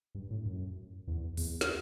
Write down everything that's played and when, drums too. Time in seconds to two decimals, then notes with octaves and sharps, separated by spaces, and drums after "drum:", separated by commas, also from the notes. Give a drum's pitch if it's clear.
0.15 G2
0.31 A2
0.46 F#2
1.08 E2
1.37 E2, drum: open hi-hat
1.61 drum: snare